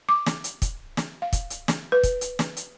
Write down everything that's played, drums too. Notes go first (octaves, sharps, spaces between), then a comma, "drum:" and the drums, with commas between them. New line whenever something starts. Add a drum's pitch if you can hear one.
D6
drum: snare
drum: hi-hat
drum: kick, hi-hat
drum: snare
F5
drum: kick, hi-hat
drum: hi-hat
drum: snare
B4
drum: kick, hi-hat
drum: hi-hat
drum: snare
drum: hi-hat